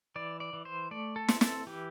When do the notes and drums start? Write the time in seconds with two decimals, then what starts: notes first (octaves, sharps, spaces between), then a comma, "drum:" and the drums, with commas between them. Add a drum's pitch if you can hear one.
0.16 E3 D5
0.40 D5
0.53 E3
0.65 C5
0.91 A3 D5
1.16 A4
1.28 C4, drum: snare
1.41 A4, drum: snare
1.67 E3 G4